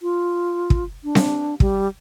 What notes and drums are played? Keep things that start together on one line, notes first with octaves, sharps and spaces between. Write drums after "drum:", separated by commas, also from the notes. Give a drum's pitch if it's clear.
F4
drum: kick
D4
drum: snare C4
G3, drum: kick